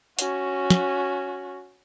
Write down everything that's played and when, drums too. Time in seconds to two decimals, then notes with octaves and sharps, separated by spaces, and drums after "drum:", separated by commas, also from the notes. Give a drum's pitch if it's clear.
0.19 C#4 F#4, drum: hi-hat
0.70 drum: snare